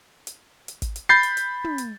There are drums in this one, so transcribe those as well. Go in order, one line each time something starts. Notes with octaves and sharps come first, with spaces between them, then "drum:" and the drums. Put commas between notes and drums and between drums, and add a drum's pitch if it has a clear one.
drum: hi-hat
drum: hi-hat
drum: kick, hi-hat
drum: hi-hat
B5 G6 A6 C7
drum: hi-hat
drum: hi-hat
drum: tom
drum: hi-hat